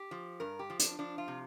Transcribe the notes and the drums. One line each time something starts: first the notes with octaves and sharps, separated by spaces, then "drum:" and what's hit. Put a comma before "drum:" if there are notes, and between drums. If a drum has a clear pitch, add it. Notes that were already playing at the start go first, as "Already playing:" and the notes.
Already playing: G4
F3
G2 A#4
G4
F3
D4, drum: hi-hat
F3 D4
F4
C3